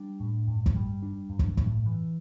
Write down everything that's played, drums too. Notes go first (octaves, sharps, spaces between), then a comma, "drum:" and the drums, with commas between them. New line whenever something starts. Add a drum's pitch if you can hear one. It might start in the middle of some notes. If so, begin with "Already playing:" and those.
Already playing: G3 D4
A2
G2
drum: kick
G3
D4
G2
drum: kick
A2, drum: kick
E3